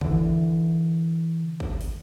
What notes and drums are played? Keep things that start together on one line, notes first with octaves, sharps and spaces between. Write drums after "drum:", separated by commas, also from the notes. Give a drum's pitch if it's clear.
D3 E3, drum: kick G#1
drum: kick G#1
drum: open hi-hat